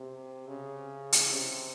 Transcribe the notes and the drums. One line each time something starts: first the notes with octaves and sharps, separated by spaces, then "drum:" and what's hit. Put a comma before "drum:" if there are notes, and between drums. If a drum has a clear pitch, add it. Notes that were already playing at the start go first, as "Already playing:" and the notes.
Already playing: C3
C#3
drum: hi-hat
C3